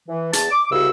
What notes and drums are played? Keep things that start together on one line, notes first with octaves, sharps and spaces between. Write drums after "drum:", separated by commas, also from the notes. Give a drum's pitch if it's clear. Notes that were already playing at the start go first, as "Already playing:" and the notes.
E3
E2 A5, drum: hi-hat
D6
C2 G#2 C#3 F#4 E6